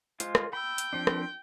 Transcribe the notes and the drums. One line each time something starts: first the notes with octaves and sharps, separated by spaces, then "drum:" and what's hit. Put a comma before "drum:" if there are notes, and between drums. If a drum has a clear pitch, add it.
G#3 F4 C5, drum: hi-hat
drum: rim click
G5 B5 E6
drum: hi-hat
F3 C4 D4
drum: rim click